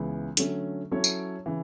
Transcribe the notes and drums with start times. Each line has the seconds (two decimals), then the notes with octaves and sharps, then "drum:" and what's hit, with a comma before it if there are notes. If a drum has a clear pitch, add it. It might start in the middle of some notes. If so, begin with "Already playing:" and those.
Already playing: C#2 C#3 E3 B3
0.37 D3 F#3 A3 C#4, drum: hi-hat
0.91 F#3 C#4 E4 A4 C#5
1.04 drum: tambourine
1.46 C#3 E3